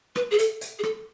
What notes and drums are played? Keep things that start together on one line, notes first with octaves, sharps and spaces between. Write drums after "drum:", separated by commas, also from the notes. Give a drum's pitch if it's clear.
B4, drum: rim click
G#4
A4, drum: hi-hat
drum: hi-hat
G#4
A4, drum: rim click